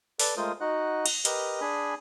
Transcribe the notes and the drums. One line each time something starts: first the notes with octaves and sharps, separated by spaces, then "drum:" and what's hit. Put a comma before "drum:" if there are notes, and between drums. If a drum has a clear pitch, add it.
A4 B4 D5, drum: open hi-hat
G#3 A3 F4 A#4 C5 D#6
D#4 F#4 D#5 F#5 F#6
drum: cymbal
G4 A#4 B4 D#5, drum: hi-hat
D4 G#4 G#5 B5